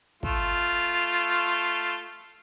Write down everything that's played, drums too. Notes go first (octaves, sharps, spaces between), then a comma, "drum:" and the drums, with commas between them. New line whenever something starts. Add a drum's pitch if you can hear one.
A3 F4, drum: kick